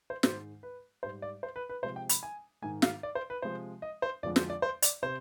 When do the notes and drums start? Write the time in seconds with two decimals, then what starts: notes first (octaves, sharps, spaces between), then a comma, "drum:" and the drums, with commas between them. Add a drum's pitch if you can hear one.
0.10 C5
0.23 G#2 D#3 G#3 C5, drum: snare
0.63 B4
1.03 G#2 G3 C5
1.22 D5
1.43 C5
1.56 B4
1.69 B4
1.83 C3 F3 G#3 C5
1.96 G5
2.09 B5, drum: hi-hat
2.23 G#5
2.62 G#2 D#3 G#3 G#5
2.82 F5, drum: snare
3.03 D5
3.15 C5
3.30 B4
3.42 C3 F3 G#3 C5
3.82 D#5
4.02 C5
4.23 F2 D3 F3 G#3 D5
4.36 C5, drum: snare
4.50 D5
4.62 C5
4.82 D5, drum: hi-hat
5.03 C3 C5